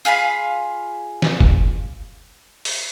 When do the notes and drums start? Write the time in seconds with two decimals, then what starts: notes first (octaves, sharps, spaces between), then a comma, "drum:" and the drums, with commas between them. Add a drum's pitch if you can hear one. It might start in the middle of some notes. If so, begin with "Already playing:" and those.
0.05 F4 G#4 F5 B5
1.22 drum: snare
1.40 drum: kick F#1
2.65 drum: open hi-hat